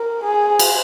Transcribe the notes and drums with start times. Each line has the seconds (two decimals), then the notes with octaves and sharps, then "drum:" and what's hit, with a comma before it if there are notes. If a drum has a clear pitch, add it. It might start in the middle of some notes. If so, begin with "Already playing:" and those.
Already playing: A#4
0.24 G#4
0.59 drum: cymbal